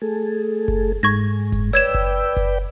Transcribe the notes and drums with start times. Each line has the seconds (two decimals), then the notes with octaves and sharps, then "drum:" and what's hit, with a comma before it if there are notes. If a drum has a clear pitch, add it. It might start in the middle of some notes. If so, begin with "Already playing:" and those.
0.02 A3 G#4 A4
0.68 drum: kick F#1
1.03 G#2 G#3 C#6 G#6 A#6
1.52 drum: kick F#1, hi-hat
1.73 B4 C#5 D5 G5 E6 G#6 E7
1.94 drum: kick F#1
2.37 drum: kick F#1, hi-hat